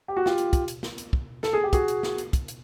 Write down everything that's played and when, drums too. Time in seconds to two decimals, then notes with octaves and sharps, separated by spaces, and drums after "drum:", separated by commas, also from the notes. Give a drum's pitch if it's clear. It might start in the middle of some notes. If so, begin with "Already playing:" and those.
0.08 G4
0.17 F#4
0.26 F4 G4, drum: snare
0.38 drum: hi-hat
0.53 drum: kick, hi-hat
0.68 drum: hi-hat
0.83 drum: snare
0.98 drum: hi-hat
1.13 drum: kick
1.43 A4, drum: snare
1.53 G#4
1.64 G4
1.73 F#4 G#4, drum: kick, hi-hat
1.88 drum: hi-hat
2.03 drum: snare
2.18 drum: hi-hat
2.33 drum: kick, hi-hat
2.48 drum: hi-hat